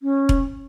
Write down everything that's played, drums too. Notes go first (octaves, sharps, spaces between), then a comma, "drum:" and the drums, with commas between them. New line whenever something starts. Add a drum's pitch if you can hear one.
C#4
drum: kick E1